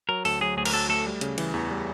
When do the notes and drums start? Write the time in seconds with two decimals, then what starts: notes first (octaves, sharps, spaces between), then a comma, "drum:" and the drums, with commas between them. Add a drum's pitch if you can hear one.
0.09 F#3 A#4
0.25 D2 A4, drum: open hi-hat
0.41 F#3 G#4
0.57 D2 G#4
0.65 A#4, drum: cymbal
0.74 F#3 A4
0.89 A3 A4
1.06 G3
1.21 C#3, drum: hi-hat
1.38 E3, drum: cymbal
1.54 E2
1.71 G3